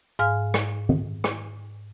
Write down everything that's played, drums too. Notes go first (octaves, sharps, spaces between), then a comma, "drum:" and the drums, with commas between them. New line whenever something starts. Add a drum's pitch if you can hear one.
G#2 F5 G#5 F6
drum: rim click
drum: tom
drum: rim click